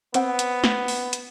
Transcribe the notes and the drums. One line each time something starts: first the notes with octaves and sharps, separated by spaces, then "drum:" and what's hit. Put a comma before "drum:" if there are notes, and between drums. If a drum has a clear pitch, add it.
B3 C4 F#5, drum: hi-hat
drum: hi-hat
drum: snare
drum: open hi-hat
drum: hi-hat